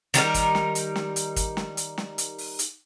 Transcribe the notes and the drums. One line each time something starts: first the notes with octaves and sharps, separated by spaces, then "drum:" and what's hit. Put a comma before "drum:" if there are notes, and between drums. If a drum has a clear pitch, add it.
D#3 G3 D#4 A#4, drum: hi-hat
drum: kick, hi-hat
drum: snare
drum: hi-hat
drum: snare
drum: hi-hat
drum: kick, hi-hat
drum: snare
drum: hi-hat
drum: snare
drum: hi-hat
drum: open hi-hat
drum: hi-hat